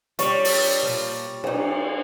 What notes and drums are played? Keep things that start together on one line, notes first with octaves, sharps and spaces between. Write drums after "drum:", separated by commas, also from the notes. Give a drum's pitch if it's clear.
G3 D4 F4 C#5, drum: hi-hat
drum: open hi-hat
A#2 F3
F#3 D#4, drum: cymbal